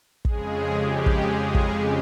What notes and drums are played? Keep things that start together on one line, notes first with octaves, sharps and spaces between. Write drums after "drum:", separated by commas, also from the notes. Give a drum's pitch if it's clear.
F2 C#3 G#3 G#4, drum: kick
G4
drum: kick
G#4
drum: kick
G4